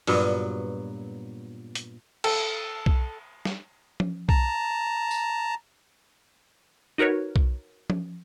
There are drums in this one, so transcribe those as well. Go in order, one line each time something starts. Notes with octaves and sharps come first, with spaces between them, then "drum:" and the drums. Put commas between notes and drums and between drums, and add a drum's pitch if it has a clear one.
G2 A#2 F#3 B3, drum: open hi-hat
drum: hi-hat
A4, drum: cymbal
drum: kick B1
drum: snare
drum: tom F3
A5 A#5, drum: kick B1
drum: tambourine
D#4 F#4 A#4 B4 C#5
drum: kick B1
drum: tom F3